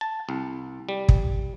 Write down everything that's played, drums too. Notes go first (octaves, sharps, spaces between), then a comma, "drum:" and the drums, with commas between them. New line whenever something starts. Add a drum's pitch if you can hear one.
A5
C2
G3
drum: kick